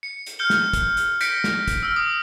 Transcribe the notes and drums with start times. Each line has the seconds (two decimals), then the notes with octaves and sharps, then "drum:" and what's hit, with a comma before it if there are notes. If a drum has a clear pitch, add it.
0.03 C#7
0.26 drum: hi-hat
0.39 F6 G6 C#7 G7
0.50 drum: snare
0.73 drum: kick, hi-hat
0.97 drum: hi-hat
1.21 G6 A#6 B6 C#7 D7, drum: hi-hat
1.44 drum: snare
1.68 drum: kick, hi-hat
1.83 E6 F6
1.96 D#6